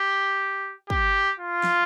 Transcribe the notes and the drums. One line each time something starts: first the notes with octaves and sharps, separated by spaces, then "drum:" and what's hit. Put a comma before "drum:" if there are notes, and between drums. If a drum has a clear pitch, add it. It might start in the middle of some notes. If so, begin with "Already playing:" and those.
Already playing: G4
G4, drum: kick
F4
drum: snare